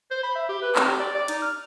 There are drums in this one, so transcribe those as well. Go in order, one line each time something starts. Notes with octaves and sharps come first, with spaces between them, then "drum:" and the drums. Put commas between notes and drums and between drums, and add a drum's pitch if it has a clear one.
C5
B5
E5
G4
B4
C4, drum: clap
G4
D5
D5
D#4, drum: hi-hat
F6